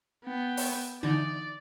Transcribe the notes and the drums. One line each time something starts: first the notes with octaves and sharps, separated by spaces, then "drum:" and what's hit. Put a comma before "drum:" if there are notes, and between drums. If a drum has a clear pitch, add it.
B3 G5
drum: open hi-hat
D3 E3 D#4 D5